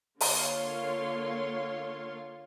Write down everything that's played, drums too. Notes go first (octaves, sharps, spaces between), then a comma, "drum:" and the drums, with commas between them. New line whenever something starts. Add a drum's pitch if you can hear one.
D3 A#3 F4 C#5 F5 C6, drum: open hi-hat